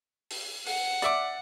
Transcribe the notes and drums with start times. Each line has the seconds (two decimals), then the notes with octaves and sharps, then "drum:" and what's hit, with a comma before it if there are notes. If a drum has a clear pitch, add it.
0.31 drum: open hi-hat
0.66 F#5, drum: open hi-hat
1.02 D5 E5 D6, drum: hi-hat